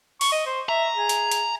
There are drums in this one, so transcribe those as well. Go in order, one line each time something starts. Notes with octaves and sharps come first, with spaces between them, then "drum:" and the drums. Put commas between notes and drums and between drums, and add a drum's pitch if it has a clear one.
C#6, drum: open hi-hat
D#5
C5
E5 A#5
G#4
drum: hi-hat
drum: hi-hat